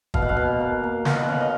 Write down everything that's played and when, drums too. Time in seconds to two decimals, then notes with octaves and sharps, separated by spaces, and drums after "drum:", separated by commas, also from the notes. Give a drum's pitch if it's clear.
0.14 B2 F5, drum: kick
0.22 F#5
0.29 F5
0.37 B2
0.60 A#3
0.83 A#3
1.05 B2 F5, drum: snare
1.16 F#5
1.28 C#4 F5
1.41 D#5